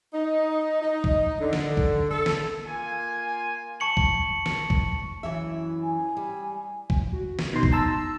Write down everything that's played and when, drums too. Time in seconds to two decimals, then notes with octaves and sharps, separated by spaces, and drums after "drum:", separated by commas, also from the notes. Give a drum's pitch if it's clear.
0.14 D#4
0.82 D#4
1.04 drum: kick
1.40 D3
1.53 drum: snare
1.77 drum: kick
2.11 A4
2.26 drum: snare
2.66 A#3 F4 G#5
3.80 A5 C#6 C#7 F#7
3.97 drum: kick
4.46 drum: snare
4.70 drum: kick
5.23 F#2 E3 E5
5.83 G#5
6.17 G3
6.90 drum: kick
7.12 F#4
7.39 drum: snare
7.53 B2 D#4 C6
7.63 drum: kick
7.73 A5 A#5 E6